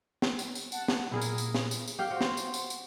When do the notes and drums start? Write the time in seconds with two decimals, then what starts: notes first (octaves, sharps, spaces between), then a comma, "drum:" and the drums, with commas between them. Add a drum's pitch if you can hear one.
0.22 drum: snare
0.39 drum: tambourine
0.55 drum: tambourine
0.72 F#5 A5, drum: tambourine
0.88 drum: snare
1.11 A#2 E4 G#4 A#4
1.21 drum: tambourine
1.38 drum: tambourine
1.55 drum: snare
1.71 drum: tambourine
1.88 drum: tambourine
1.99 G4 F5 G5
2.11 F#4 C5 C6
2.21 drum: snare
2.37 drum: tambourine
2.54 drum: tambourine
2.70 drum: tambourine